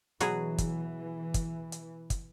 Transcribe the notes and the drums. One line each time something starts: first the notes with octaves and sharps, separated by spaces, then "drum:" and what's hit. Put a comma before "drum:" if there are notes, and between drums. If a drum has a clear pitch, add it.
B2 E3 F#3 G#4, drum: hi-hat
drum: kick, hi-hat
drum: kick, hi-hat
drum: hi-hat
drum: kick, hi-hat